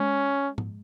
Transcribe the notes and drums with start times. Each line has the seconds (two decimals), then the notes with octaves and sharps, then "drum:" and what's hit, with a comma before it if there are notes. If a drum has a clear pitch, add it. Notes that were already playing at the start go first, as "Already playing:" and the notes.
Already playing: G#3 C#4
0.58 drum: tom G#2